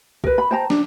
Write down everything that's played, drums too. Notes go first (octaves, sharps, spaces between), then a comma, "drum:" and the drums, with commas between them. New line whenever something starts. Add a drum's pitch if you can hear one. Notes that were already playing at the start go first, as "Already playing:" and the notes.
A#4 B4, drum: kick
B5
C5 G5 A5 A#5
D4, drum: snare